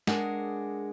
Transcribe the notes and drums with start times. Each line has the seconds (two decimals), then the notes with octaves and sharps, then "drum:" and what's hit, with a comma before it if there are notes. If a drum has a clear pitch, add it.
0.07 G#3 D4 G#4 A#4 F#5, drum: snare